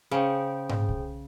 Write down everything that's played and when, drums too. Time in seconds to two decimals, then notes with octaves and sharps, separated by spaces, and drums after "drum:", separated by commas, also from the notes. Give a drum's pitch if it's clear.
0.11 C#3 G#4 C5 G5
0.69 drum: tom G#2
0.89 drum: kick